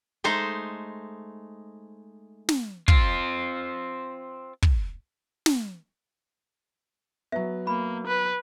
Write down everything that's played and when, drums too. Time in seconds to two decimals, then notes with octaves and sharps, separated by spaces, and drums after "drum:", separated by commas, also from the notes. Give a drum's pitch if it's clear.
0.24 G#3 A3 D#4 C5
2.49 drum: snare
2.88 C4 F4, drum: kick
4.62 drum: kick
5.46 drum: snare
7.32 F#3 B3 E5
7.67 A#3 B5
8.07 B4